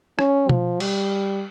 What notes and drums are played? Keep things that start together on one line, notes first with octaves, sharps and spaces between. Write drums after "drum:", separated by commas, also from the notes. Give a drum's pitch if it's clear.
C#4, drum: rim click
F3, drum: tom B2
G3, drum: cymbal